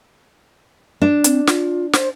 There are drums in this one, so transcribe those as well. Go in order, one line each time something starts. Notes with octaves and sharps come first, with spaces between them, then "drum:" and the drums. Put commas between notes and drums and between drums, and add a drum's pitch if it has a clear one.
D4
C4, drum: hi-hat
F4, drum: snare
C5, drum: snare